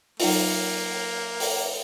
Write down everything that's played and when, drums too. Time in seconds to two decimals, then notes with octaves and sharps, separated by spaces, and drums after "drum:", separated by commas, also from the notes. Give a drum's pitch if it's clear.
0.20 F#3 A#3 D#4 F4, drum: open hi-hat
1.40 drum: open hi-hat